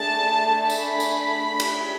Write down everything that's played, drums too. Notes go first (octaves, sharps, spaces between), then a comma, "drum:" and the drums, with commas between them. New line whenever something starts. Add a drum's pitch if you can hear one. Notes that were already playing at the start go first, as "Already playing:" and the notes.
Already playing: A3 D4 G#4 A5
B5, drum: tambourine
drum: tambourine
drum: cymbal